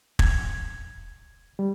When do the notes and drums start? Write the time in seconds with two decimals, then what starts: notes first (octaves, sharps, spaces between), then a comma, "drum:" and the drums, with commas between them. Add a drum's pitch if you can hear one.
0.19 G#6, drum: kick
1.59 G3